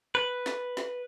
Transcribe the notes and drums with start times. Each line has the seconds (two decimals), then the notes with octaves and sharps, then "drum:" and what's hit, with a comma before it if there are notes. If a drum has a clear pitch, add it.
0.15 B4
0.46 drum: snare
0.77 drum: snare